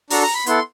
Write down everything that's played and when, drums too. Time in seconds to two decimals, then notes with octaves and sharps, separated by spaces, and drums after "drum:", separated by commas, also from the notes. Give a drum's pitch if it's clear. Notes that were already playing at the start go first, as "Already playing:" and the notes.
0.10 D4 F#4 A4 A#5, drum: open hi-hat
0.22 A#5
0.35 B5
0.46 B3 E4 A4 C6, drum: hi-hat